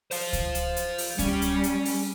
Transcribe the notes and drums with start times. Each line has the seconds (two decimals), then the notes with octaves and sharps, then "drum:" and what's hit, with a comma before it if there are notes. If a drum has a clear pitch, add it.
0.11 C5 F5, drum: open hi-hat
0.33 drum: kick C#2, hi-hat
0.55 drum: hi-hat
0.76 drum: hi-hat
0.98 drum: open hi-hat
1.19 G3 C#4, drum: kick C#2, hi-hat
1.42 drum: hi-hat
1.64 drum: hi-hat
1.85 drum: open hi-hat